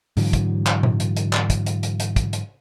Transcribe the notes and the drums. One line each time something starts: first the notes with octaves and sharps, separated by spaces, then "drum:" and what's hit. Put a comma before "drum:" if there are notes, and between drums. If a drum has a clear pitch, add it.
G#2 D3 E3 F#3, drum: open hi-hat
drum: kick, hi-hat
drum: clap
drum: tom A#2
drum: hi-hat
drum: hi-hat
drum: clap
drum: kick, hi-hat
drum: hi-hat
drum: hi-hat
drum: hi-hat
drum: kick, hi-hat
drum: hi-hat